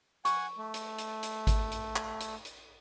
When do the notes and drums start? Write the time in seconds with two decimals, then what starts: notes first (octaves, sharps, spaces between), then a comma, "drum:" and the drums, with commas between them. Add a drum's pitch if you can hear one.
0.25 F#5 G#5 C#6, drum: hi-hat
0.58 A3
0.74 drum: hi-hat
0.98 drum: hi-hat
1.23 drum: hi-hat
1.47 drum: kick G#1, hi-hat
1.71 drum: hi-hat
1.96 drum: clap
2.20 drum: hi-hat
2.45 drum: hi-hat